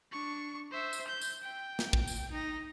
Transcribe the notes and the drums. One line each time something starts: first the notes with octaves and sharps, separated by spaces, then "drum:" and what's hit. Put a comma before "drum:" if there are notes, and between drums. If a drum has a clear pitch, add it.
D4 C#6
C5 E5
drum: tambourine
G6
drum: tambourine
G5
drum: snare
drum: kick
drum: tambourine
D#4 A#6